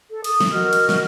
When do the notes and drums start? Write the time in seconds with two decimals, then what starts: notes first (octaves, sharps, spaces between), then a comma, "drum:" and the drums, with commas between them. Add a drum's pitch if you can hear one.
0.10 A4
0.24 D#6, drum: cymbal
0.40 drum: snare
0.50 F#4 A#4 D#5 F6
0.73 drum: cymbal
0.89 drum: snare